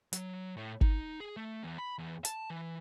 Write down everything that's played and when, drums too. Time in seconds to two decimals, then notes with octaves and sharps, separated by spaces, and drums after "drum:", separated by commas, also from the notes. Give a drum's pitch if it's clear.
0.13 F#3, drum: hi-hat
0.57 A2
0.81 D#4, drum: kick G#1
1.20 G#4
1.37 A3
1.63 E2
1.78 B5
1.98 E2
2.25 A5, drum: hi-hat
2.50 E3